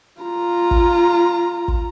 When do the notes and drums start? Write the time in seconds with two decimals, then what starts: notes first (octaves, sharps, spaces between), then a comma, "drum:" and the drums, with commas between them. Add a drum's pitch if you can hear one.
0.22 F4 A#5
0.71 drum: kick
1.68 drum: kick